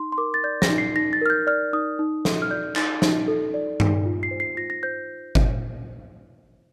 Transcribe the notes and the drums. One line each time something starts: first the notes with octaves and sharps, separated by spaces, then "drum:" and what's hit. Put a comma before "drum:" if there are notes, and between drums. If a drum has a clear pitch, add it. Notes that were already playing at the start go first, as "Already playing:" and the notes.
Already playing: D#4 C6
C6
A#4 D6
A6
D5 G6
A#6, drum: snare
D#4
C7
D#4 A#6
A6
A#4 F6
G6
D5 F6
D#4 D#6
D#4
A4, drum: snare
F6
D5 G6
D#4 A6, drum: clap
D#4, drum: snare
A4
D5
D#4, drum: tom G2
F4
C7
C5
C7
F4 A#6
A#6
C5 G6
drum: kick G1